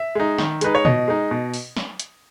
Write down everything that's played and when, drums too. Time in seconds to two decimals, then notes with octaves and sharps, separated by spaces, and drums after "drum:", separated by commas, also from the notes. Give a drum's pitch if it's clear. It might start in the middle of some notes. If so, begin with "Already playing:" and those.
Already playing: E5
0.15 G#3 D#4
0.38 D#3, drum: snare
0.61 G#3 D#4 B4, drum: hi-hat
0.75 C#5
0.85 B2 D#5, drum: tom
1.08 G#3 D#4
1.31 B2
1.54 drum: open hi-hat
1.77 drum: snare
2.00 drum: hi-hat